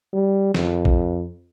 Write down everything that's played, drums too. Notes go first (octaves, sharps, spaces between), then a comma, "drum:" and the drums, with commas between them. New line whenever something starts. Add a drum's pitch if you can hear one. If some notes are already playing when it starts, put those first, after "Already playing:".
G3
F2, drum: snare
drum: kick A#1